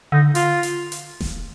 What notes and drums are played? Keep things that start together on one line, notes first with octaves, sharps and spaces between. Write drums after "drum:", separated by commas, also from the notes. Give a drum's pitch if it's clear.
D3 D#4
F4, drum: hi-hat
drum: hi-hat
drum: hi-hat
drum: snare D#1